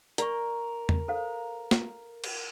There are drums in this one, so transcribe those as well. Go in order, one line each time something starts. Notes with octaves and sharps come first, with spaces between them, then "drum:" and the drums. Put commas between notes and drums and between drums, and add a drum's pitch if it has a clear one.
A#4 D5 C#6, drum: hi-hat
drum: tom E2
A4 C5 F5
drum: snare
drum: cymbal